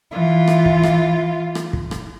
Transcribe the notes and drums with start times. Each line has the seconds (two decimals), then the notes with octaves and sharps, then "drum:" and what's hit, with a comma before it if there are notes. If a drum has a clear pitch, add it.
0.12 E3 F4
0.48 drum: rim click
0.65 drum: kick
0.83 drum: rim click
1.55 drum: rim click
1.73 drum: kick
1.91 drum: rim click